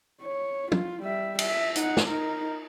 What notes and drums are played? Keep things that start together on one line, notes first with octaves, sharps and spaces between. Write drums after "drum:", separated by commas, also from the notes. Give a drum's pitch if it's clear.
C#5
F4, drum: tom F3
G3 E5
E5, drum: cymbal
D#4 F#5, drum: hi-hat
drum: snare
D#4 A#4